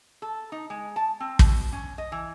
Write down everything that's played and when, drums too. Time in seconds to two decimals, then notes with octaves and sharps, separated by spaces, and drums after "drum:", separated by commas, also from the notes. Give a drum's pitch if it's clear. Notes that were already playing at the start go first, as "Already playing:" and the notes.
0.22 A4
0.52 D#4
0.70 G#3
0.96 A5
1.20 C4
1.39 B2, drum: kick
1.73 C#4
1.98 D#5
2.12 E3